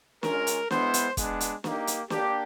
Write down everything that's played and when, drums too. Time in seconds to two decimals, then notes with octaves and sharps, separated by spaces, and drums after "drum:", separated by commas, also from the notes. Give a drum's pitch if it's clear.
0.23 G#3 C#4 F4 A#4, drum: snare
0.47 drum: hi-hat
0.71 G#3 B3 E4 C5, drum: snare
0.94 drum: hi-hat
1.17 G#3 B3 D4, drum: kick, hi-hat
1.40 drum: hi-hat
1.64 A#3 D#4 G4, drum: snare
1.87 drum: hi-hat
2.10 A#3 D4 G4, drum: snare